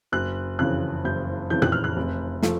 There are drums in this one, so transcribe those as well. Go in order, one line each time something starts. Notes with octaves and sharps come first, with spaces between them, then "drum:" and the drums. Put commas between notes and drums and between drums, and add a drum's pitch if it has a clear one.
F#1 F#6
F2 C#3 E3 F#6
F#1 G6
F2 C#3 E3 G6
F#6, drum: tom A#2
F6
F#6
F1
F3 A3, drum: snare